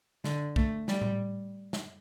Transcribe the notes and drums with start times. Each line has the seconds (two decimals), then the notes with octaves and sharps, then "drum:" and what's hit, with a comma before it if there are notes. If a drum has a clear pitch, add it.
0.24 D3, drum: snare
0.56 A3, drum: kick B1
0.88 G3, drum: snare
1.01 drum: tom A2
1.73 drum: snare